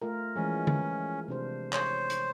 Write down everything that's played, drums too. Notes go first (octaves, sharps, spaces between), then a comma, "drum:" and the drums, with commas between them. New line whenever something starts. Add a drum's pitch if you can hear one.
A3 F4 A#4
E3 F3 G#3 C#4
drum: tom
C3 D4 C5
C5 C#5, drum: clap
drum: hi-hat